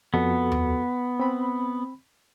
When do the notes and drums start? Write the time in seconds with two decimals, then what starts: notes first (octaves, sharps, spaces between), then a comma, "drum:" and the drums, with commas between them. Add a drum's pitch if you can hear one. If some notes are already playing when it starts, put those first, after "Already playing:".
0.14 F2 B3 F#4 A4
0.52 drum: tom D#2
1.20 C4 B5